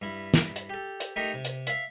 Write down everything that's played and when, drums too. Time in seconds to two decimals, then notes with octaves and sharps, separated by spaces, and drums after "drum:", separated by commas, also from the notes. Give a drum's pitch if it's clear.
0.02 G2 E4
0.34 drum: snare
0.56 drum: hi-hat
0.70 G4 A4
1.00 drum: hi-hat
1.16 A3 D#4 G4 A#4
1.34 C3
1.45 drum: hi-hat
1.67 E5 F5, drum: hi-hat